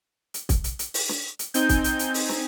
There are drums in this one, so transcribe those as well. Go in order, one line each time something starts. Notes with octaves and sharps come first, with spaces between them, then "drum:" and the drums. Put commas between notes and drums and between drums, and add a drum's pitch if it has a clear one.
drum: hi-hat
drum: kick, hi-hat
drum: hi-hat
drum: hi-hat
drum: open hi-hat
drum: snare
drum: hi-hat
C4 D#4 G#5 G6, drum: hi-hat
drum: kick, hi-hat
drum: hi-hat
drum: hi-hat
drum: open hi-hat
drum: snare